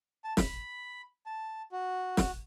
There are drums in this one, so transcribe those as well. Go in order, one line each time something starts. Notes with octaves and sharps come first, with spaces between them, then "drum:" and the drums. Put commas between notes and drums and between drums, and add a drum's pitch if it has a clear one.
A5
B5, drum: snare
A5
F#4
drum: snare